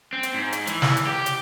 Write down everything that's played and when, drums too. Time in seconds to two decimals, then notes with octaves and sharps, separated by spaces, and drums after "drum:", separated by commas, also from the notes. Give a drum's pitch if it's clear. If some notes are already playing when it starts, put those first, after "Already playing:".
0.13 C4
0.23 drum: hi-hat
0.34 G#2
0.52 drum: hi-hat
0.67 E3, drum: hi-hat
0.82 drum: snare
0.97 drum: hi-hat
1.07 G4
1.26 drum: hi-hat